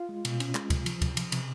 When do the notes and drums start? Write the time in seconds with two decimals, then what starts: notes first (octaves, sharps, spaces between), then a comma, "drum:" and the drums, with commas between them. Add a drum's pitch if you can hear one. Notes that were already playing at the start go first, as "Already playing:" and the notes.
Already playing: F4 F5
0.09 G#3
0.25 B2, drum: cymbal
0.40 C#4, drum: cymbal
0.55 G#3, drum: clap
0.70 C3, drum: kick, cymbal
0.86 F3, drum: cymbal
1.02 C3, drum: kick, cymbal
1.17 F3, drum: cymbal
1.32 C3, drum: cymbal